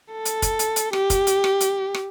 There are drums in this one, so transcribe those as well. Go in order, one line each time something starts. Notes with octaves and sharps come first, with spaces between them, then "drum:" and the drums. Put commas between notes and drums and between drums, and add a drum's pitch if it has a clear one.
A4
drum: hi-hat
drum: kick, hi-hat
drum: hi-hat
drum: hi-hat
G4, drum: rim click
drum: kick, hi-hat
drum: hi-hat
drum: rim click
drum: hi-hat
drum: rim click